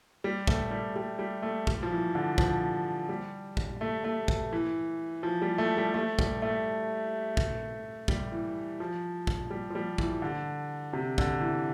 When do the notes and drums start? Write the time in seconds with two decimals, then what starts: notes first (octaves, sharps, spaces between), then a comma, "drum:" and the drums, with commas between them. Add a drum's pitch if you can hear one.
0.24 G3
0.47 A3, drum: kick
0.71 G3
0.96 G3
1.19 G3
1.42 A3
1.67 G3, drum: kick
1.83 F3
1.91 E3
2.15 D3
2.38 F3, drum: kick
3.09 G3
3.57 drum: kick
3.81 A3
4.04 A3
4.28 drum: kick
4.53 E3
5.23 F3
5.42 G3
5.58 A3
5.77 G3
5.94 A3
6.19 G3, drum: kick
6.42 A3
7.37 drum: kick
8.08 G3, drum: kick
8.32 E3
8.80 F3
9.27 drum: kick
9.50 G3
9.70 F3
9.75 G3
9.98 E3, drum: kick
10.22 D3
10.93 C3
11.18 D3, drum: kick
11.41 E3